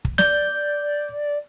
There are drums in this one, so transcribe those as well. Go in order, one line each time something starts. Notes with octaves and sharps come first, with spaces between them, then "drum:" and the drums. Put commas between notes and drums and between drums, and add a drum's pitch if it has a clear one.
drum: kick
D5 G6, drum: snare